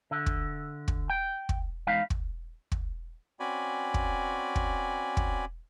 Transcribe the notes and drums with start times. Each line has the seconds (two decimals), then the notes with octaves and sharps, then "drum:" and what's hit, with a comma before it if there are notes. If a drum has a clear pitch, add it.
0.11 D3 E5
0.26 drum: kick
0.88 drum: kick
1.10 G5
1.49 drum: kick
1.87 E2 G#3 D#4 F5 B5
2.10 drum: kick
2.72 drum: kick
3.40 C4 C#4 F#4 D5 G#5 B5
3.94 drum: kick
4.56 drum: kick
5.17 drum: kick